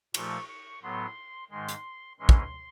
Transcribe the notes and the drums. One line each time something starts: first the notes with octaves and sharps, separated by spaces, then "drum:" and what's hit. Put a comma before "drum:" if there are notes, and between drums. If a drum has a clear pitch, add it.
A#2 F3 A3 C#6, drum: cymbal
C#6
A2 F#3 B3 C6
G#2 D#3 G#3 C6
drum: hi-hat
G#2 E3 G#3 C#4 C6
drum: kick